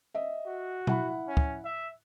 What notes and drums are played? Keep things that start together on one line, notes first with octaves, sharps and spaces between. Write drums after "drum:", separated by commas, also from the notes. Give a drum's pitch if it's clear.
D#5 E5
F#4
E4 F#5 B5, drum: tom B2
C#4
drum: kick
E5